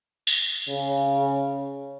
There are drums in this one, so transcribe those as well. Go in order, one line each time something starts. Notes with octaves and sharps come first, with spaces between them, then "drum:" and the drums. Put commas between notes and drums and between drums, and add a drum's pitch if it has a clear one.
drum: tambourine
C#3